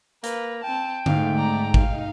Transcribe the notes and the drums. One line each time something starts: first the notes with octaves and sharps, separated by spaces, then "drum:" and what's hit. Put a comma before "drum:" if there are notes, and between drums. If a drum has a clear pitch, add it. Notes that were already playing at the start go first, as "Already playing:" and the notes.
A#3 B4, drum: hi-hat
C4 G5 A5
G#2 A3 F5, drum: tom D3
D5 A#5
D#4 F5, drum: kick